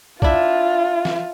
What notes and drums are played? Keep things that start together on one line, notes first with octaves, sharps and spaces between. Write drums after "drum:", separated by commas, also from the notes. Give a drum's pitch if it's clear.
D4 E4 F4, drum: kick
drum: snare